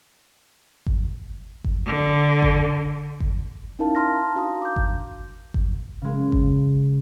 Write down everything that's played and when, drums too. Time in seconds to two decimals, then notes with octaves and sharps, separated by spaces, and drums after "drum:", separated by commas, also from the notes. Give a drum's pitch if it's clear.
0.86 drum: kick G1
1.64 drum: kick G1
1.86 D3
2.42 drum: kick G1
3.20 drum: kick G1
3.79 C#4 D#4 E4 A#4 F5 A5
3.95 A5 A#5 C6 F6 A#6
4.35 D4 F#4 F5 A#5 D#6
4.62 D6 G6
4.76 drum: kick G1
5.54 drum: kick G1
6.02 C#3 G#3
6.32 drum: kick G1